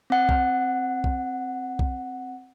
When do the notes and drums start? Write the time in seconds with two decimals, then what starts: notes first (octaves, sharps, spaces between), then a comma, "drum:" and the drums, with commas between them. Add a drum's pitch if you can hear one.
0.10 C4 F#5
0.29 drum: kick B1
1.04 drum: kick B1
1.79 drum: kick B1